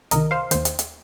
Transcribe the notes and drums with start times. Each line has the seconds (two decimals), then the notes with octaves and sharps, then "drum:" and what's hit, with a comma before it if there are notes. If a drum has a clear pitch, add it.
0.11 C2 C3 D#3 A#4 D#5, drum: hi-hat
0.31 C5 F5
0.51 D#2 D#3 C5, drum: hi-hat
0.65 drum: hi-hat
0.79 drum: hi-hat